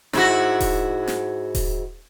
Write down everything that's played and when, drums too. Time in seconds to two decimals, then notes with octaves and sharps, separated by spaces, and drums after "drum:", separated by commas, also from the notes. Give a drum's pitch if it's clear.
0.13 G#2 E4 F#4, drum: snare
0.60 drum: kick D#1, open hi-hat
1.08 drum: snare
1.55 drum: kick D#1, open hi-hat